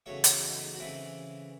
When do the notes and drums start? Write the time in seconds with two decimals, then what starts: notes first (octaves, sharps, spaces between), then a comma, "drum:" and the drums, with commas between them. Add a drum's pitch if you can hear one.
0.06 E2 C#3 F#3 A3 C#5 E5
0.24 A4 C#5, drum: hi-hat
0.42 D#4
0.61 D#4
0.74 F#4
0.79 C#3 E3 A3 C4 E4